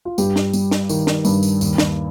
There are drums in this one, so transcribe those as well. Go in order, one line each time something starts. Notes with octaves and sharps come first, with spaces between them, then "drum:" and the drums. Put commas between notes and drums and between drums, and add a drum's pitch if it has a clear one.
F4
G2 G4, drum: tambourine
drum: snare
G3, drum: tambourine
drum: snare
D#3, drum: tambourine
drum: snare
G2, drum: tambourine
drum: tambourine
D#2, drum: tambourine
drum: snare